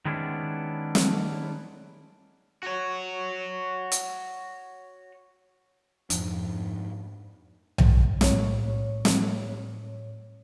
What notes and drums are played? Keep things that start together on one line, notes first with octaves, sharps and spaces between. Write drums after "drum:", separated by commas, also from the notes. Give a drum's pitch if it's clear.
D#3 G#3 B3 C#4 D4 E4
drum: snare
F#4 C#5
drum: hi-hat
F2 G#2 F3 D4, drum: hi-hat
drum: tom B1
A2 C#5, drum: snare
drum: snare